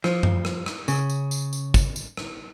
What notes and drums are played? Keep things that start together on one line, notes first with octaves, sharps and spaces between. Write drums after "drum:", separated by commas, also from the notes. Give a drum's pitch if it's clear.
F3, drum: rim click
drum: tom F#2
drum: rim click
drum: rim click
C#3, drum: tambourine
drum: tambourine
drum: tambourine
drum: tambourine
drum: kick, tambourine
drum: tambourine
drum: rim click